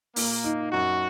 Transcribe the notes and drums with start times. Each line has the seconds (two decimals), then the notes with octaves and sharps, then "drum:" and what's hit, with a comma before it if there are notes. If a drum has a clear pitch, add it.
0.16 A#2 A#3, drum: open hi-hat
0.44 D#4
0.72 F#2 F#4